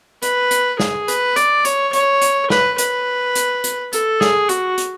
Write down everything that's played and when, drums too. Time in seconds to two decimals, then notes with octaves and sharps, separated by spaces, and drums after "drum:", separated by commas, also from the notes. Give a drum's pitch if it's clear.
0.22 B4, drum: hi-hat
0.51 drum: hi-hat
0.80 G#4, drum: snare
1.08 B4, drum: hi-hat
1.36 D5, drum: hi-hat
1.65 C#5, drum: hi-hat
1.93 C#5, drum: hi-hat
2.22 drum: hi-hat
2.50 B4, drum: snare
2.78 B4, drum: hi-hat
3.35 drum: hi-hat
3.64 drum: hi-hat
3.93 A4, drum: hi-hat
4.21 G#4, drum: snare
4.49 F#4, drum: hi-hat
4.78 drum: hi-hat